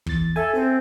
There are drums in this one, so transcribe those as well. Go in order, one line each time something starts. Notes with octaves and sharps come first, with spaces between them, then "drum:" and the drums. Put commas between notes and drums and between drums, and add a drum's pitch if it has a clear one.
E2 A6, drum: kick
A4 E5 G#5
C4